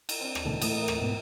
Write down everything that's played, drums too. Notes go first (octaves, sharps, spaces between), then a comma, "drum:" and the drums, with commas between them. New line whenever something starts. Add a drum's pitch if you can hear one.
drum: cymbal
C4 D4
drum: rim click
C#2 A#2 D#3 A4 D#5
A2 E3 A3 D#6, drum: cymbal
A#4 E5
drum: rim click
G#2 B2 B3